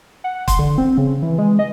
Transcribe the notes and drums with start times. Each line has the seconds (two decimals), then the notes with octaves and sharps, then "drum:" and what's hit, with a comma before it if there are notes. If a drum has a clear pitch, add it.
0.24 F#5
0.48 C6, drum: kick, hi-hat
0.59 D3
0.78 C4
0.98 C#3
1.22 E3
1.39 G#3
1.59 D#5